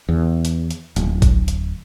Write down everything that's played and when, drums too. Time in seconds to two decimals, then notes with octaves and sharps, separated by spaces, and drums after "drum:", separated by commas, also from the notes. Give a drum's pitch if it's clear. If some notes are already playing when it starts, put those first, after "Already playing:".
0.09 E2
0.45 drum: hi-hat
0.70 drum: hi-hat
0.96 D1, drum: hi-hat
1.22 drum: kick A1, hi-hat
1.48 drum: hi-hat